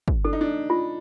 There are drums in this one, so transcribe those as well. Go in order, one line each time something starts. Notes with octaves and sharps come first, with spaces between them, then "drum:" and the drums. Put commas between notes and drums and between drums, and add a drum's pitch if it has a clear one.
drum: kick
D4 A4
D#4
D4
F4